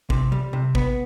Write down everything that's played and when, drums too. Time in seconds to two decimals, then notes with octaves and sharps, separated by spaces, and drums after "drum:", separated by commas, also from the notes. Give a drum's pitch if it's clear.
0.10 C3, drum: kick
0.32 G3
0.53 C3
0.75 B3, drum: kick